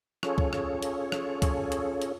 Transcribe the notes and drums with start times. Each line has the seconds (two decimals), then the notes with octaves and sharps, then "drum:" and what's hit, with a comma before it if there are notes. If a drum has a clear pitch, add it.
0.23 C#4 F4 G#4 A4 C#5, drum: rim click
0.38 drum: kick C2
0.53 drum: rim click
0.82 drum: hi-hat
1.12 drum: rim click
1.42 drum: kick C2, hi-hat
1.72 drum: hi-hat
2.02 drum: hi-hat